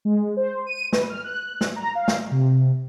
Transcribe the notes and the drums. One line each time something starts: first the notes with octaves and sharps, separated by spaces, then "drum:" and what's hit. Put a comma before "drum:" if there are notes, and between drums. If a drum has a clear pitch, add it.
G#3
C5
D#7
B4, drum: snare
F6
F#6
drum: snare
A#5
F5
drum: snare
C3